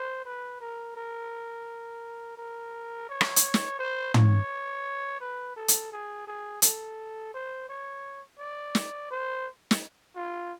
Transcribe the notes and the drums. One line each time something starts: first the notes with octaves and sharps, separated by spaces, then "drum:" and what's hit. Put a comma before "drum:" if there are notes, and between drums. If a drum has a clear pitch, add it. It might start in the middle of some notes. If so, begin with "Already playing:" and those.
Already playing: C5
B4
A#4
A#4
A#4
C#5
drum: rim click
drum: hi-hat
drum: snare
C5
C#5, drum: tom
B4
A4
drum: hi-hat
G#4
G#4
A4, drum: hi-hat
C5
C#5
D5
drum: snare
C5
drum: snare
F4